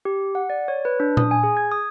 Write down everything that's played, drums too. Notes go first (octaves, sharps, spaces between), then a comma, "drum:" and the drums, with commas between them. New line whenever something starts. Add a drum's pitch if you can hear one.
G4
F#5
D5
C#5
B4
D4
D#6, drum: tom A#2
G#5
G#4
G#6
D#6